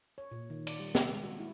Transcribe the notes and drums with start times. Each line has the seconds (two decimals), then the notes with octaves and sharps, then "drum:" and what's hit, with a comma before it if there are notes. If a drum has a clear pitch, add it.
0.18 C#5
0.31 A#2
0.50 D#3
0.67 D5, drum: cymbal
0.79 G3
0.95 E5, drum: snare
1.10 G#3
1.24 F#4
1.39 E4